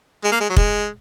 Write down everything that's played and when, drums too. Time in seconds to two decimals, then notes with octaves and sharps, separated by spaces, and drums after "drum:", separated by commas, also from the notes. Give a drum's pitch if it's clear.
0.24 G#3
0.31 A#3
0.40 G#3
0.49 F#3
0.56 G#3, drum: kick